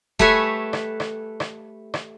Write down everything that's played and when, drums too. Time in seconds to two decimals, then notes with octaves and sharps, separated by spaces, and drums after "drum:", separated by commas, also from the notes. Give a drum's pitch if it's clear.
0.19 A3 G4 B4 C#5 E5 G#5, drum: kick E1
0.73 drum: rim click
1.00 drum: rim click
1.40 drum: rim click
1.94 drum: rim click